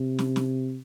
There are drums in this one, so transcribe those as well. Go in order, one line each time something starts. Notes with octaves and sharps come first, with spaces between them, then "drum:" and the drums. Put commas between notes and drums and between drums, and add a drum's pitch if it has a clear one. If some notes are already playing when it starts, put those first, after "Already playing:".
Already playing: C3
drum: snare
drum: snare